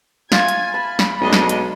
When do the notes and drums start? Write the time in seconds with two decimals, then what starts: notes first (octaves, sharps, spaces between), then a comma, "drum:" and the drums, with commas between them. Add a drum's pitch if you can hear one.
0.32 F4 G#5 G#6, drum: snare
0.49 drum: hi-hat
0.74 A5 B5
0.99 drum: snare
1.21 B1 G#3 D4 D#5
1.33 drum: snare
1.49 drum: hi-hat